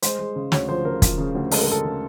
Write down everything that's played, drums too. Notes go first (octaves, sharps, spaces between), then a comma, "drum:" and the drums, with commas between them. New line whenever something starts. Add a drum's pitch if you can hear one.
G#3 C5, drum: hi-hat
G#3
C#3
D2 C#5, drum: snare
F3 C5
C#3 A#4
F3, drum: kick, hi-hat
C#3
D2
G#3 A4, drum: open hi-hat
A#4
G#3 A4
C#3